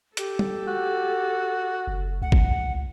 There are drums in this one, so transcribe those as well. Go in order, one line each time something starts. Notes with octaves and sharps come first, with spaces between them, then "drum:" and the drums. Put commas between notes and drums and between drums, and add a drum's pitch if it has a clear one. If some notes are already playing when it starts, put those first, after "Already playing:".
G4 A4, drum: hi-hat
drum: tom
F#4
F#1
C#2 F#5
drum: kick G#1